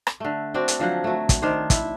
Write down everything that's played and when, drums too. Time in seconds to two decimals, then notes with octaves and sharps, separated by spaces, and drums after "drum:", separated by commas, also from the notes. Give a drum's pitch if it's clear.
0.07 drum: rim click
0.20 D3 A3
0.54 C4 D4 F#4
0.68 drum: hi-hat
0.79 D3 F3 F#3 F#5
1.04 F#3 A3
1.29 drum: kick, hi-hat
1.42 D#3 D4 C5
1.70 E4, drum: kick, hi-hat